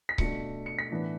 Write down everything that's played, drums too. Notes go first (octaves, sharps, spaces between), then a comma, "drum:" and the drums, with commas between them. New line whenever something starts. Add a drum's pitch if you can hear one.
B6
B2 A3 D4 C#7, drum: kick C#1
C#7
B6
A2 E3 B3 D4